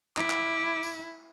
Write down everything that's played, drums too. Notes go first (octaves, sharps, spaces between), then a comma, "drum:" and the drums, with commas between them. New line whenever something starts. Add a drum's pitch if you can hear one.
E4 D6, drum: clap
drum: clap
drum: tambourine